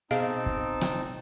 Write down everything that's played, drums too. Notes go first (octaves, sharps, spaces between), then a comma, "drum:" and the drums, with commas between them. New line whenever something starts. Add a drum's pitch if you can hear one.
B2 C4 D#4 G#4 D#5 F5 A5
drum: kick
drum: rim click